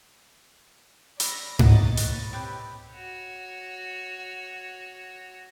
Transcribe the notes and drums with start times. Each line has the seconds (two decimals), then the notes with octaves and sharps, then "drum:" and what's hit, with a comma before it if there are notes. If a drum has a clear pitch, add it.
1.20 D5 B5 E6 A#6, drum: hi-hat
1.59 C#5 D#5 F#5 A5 A#5 A6, drum: tom G#2
1.97 B4, drum: hi-hat
2.33 C4 G4 B4
2.93 F#4 C#5